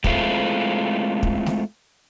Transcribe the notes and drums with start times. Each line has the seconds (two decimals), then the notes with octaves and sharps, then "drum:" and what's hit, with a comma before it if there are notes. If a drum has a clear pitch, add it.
0.04 G#3 A3 C4 E4 F4, drum: kick
1.23 drum: kick
1.46 drum: snare A3